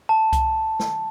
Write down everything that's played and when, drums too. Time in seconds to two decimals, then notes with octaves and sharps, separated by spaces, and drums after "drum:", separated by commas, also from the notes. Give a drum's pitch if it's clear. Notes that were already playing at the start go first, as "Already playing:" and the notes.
0.09 A5
0.33 drum: kick C2, hi-hat
0.79 drum: snare